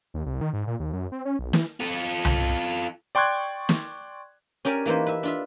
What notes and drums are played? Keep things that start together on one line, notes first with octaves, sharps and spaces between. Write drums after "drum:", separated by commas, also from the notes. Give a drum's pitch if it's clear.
D#2
C2
D#3
G#2
A#2
D#2
F#2
C4
C#4
B1
E3, drum: snare
F4 A4
drum: tom C2
D5 G5 C6 C#6 F#6 G#6
drum: snare
C#4 G4 A#4 D5 G#5
E3 A#3 D#4 B4 C5
B4 E5
D4 F4 E5